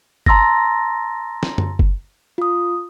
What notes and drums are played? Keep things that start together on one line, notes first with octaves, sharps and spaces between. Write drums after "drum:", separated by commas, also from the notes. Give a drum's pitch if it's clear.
A5 A#5 C6 E6 A6 A#6, drum: kick F#1
drum: snare
drum: tom F#2
drum: kick F#1
F4 D#6